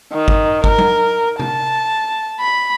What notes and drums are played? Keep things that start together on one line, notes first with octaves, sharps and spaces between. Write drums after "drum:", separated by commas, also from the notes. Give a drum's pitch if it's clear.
D#3
drum: kick G1
A#4, drum: kick G1
drum: tom F#3
A5, drum: tom C3
B5